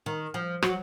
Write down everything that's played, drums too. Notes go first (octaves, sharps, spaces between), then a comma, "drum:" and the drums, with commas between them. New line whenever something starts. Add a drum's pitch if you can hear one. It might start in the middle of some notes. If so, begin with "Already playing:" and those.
D#3
F3
F#3, drum: rim click